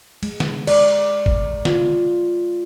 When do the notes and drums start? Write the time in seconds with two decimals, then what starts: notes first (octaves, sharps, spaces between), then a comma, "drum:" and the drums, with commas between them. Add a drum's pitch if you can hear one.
0.23 G#3, drum: cymbal
0.40 drum: snare
0.67 D5, drum: cymbal
1.26 drum: kick
1.65 F4, drum: snare